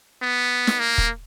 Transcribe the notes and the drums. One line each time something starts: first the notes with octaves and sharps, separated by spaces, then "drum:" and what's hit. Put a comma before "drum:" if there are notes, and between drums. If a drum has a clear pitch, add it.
B3
drum: snare
A#3
drum: kick